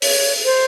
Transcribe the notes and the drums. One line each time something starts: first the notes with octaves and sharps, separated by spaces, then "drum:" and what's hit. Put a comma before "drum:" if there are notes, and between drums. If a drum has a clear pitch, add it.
C#5, drum: open hi-hat
C5